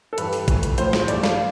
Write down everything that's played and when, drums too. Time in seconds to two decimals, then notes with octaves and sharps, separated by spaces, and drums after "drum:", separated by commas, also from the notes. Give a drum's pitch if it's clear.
0.13 A4
0.18 G2 E3 G3 B4, drum: hi-hat
0.33 drum: open hi-hat
0.48 F2 E3 A3, drum: kick, hi-hat
0.63 drum: hi-hat
0.78 A2 F3 A3 C5, drum: hi-hat
0.93 drum: snare
1.08 G2 E3 A3 D5, drum: hi-hat
1.23 F5, drum: snare